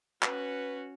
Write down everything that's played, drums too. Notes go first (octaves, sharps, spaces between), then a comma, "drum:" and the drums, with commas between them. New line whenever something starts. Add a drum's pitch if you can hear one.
C#4 F#4 B4, drum: clap